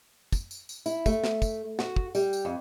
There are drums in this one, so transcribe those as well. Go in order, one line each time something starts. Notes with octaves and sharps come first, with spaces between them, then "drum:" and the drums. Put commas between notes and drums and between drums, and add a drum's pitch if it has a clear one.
drum: kick, tambourine
drum: tambourine
drum: tambourine
E4, drum: tambourine
A3, drum: kick, tambourine
drum: snare
drum: kick, tambourine
F#4, drum: snare
drum: kick
G3, drum: tambourine
drum: tambourine
F2